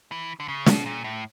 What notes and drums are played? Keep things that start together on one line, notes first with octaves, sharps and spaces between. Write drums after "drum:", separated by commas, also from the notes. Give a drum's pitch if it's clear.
E3
D3
C#3
B2, drum: snare
A#2
A2